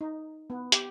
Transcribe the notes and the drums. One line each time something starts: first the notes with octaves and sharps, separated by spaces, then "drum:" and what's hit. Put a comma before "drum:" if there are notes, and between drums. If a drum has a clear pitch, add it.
D#4
B3
G4, drum: hi-hat